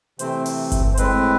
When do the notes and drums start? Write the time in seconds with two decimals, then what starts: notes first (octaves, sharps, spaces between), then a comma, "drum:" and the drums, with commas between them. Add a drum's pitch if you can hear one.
0.19 C3 E3 A3 C4 C5, drum: hi-hat
0.46 drum: open hi-hat
0.72 drum: kick G1, hi-hat
0.93 C5
0.97 A2 G#3 C4 B4, drum: hi-hat